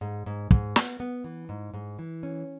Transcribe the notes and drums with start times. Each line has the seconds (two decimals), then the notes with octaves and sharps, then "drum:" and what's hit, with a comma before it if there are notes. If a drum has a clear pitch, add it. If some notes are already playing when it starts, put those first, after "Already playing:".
0.01 G#2
0.26 G#2
0.51 G#2, drum: kick
0.76 B3, drum: snare
1.00 B3
1.24 E3
1.49 G#2
1.74 G#2
1.99 E3
2.23 C#4